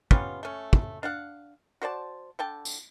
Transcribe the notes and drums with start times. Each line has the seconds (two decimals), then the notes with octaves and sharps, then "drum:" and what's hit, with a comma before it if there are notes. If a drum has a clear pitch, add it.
0.11 G3 B3 C#4 F4, drum: kick
0.43 A3 C#4
0.73 drum: kick
1.03 D4 F5 F#5
1.82 F#4 C5 D5 A5
2.39 D3 G5 A5
2.65 drum: tambourine